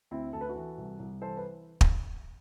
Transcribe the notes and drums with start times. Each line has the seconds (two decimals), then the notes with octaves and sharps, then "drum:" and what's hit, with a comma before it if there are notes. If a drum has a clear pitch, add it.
0.11 D2 C4 E4
0.33 D2 A4
0.41 B4
0.49 F#4 A4
0.55 E3
0.78 C2
0.99 C2
1.21 E3 A4 C5
1.37 B4
1.81 drum: kick